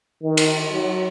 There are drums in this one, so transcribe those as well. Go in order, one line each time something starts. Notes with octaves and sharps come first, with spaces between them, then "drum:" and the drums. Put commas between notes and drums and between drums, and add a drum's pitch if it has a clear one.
D#3
drum: cymbal
F#3